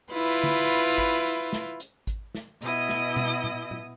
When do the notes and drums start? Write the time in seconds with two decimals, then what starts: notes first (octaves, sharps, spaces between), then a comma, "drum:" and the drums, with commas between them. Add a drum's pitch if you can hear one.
0.13 E4 F4 B4
0.43 drum: tom
0.71 drum: hi-hat
0.98 drum: kick G#1, hi-hat
1.25 drum: hi-hat
1.53 drum: snare
1.80 drum: hi-hat
2.07 drum: kick G#1, hi-hat
2.35 drum: snare
2.62 B2 E4 D#5 D#6, drum: hi-hat
2.89 drum: snare
3.16 drum: tom B2
3.44 drum: tom A#2
3.71 drum: tom A#2